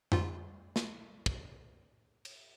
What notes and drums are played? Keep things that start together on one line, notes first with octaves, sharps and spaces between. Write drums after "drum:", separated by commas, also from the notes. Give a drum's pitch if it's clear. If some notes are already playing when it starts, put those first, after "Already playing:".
G#2 F4, drum: tom F2
drum: snare
drum: kick
drum: cymbal